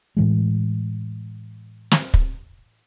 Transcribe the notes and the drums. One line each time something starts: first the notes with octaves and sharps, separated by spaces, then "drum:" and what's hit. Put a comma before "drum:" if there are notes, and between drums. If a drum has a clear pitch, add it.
A2 E3 G#3
drum: snare
drum: kick